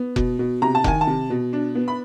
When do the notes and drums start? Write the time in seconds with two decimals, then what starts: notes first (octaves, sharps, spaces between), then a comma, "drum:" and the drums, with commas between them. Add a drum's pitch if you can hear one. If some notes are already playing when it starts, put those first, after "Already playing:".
Already playing: B3
0.16 B2, drum: kick F1
0.39 B2
0.62 C3 A#5
0.75 A5
0.84 D#3 G#5, drum: kick F1
1.01 A5
1.07 C3
1.30 B2
1.53 D4
1.75 B3
1.88 B5